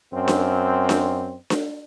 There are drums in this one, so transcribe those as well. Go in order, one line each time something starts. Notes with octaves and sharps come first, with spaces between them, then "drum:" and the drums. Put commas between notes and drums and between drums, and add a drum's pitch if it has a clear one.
F#2 C4
drum: snare D4
drum: snare D4
drum: snare D4